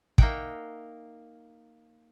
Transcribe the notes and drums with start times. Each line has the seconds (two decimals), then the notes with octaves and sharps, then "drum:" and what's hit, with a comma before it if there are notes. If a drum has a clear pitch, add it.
0.18 A#3 D#4 E5 F#5 G5, drum: kick